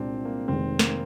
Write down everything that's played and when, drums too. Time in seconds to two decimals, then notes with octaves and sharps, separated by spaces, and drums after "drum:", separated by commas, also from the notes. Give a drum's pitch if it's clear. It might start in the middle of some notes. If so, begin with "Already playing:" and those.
Already playing: C2 A#2 G#3 C4 D4
0.25 A#3
0.48 F1 F2 D#3 G#3 C4
0.79 A#3, drum: snare